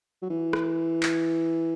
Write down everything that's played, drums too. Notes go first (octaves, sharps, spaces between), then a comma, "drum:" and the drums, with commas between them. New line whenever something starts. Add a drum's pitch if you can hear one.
F#3
E3
drum: rim click
drum: clap